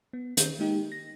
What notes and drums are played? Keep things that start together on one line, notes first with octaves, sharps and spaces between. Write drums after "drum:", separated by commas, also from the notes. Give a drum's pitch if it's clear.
B3
D#3 G6, drum: hi-hat
G#3 A#3 D#4 G4
A#6